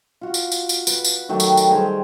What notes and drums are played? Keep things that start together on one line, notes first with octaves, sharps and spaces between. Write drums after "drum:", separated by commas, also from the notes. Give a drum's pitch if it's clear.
F4 F#4
drum: tambourine
drum: tambourine
drum: tambourine
B4, drum: tambourine
drum: tambourine
D#3 F#3 A3 G4
drum: tambourine
drum: tambourine
G3 G#4 A#4 C5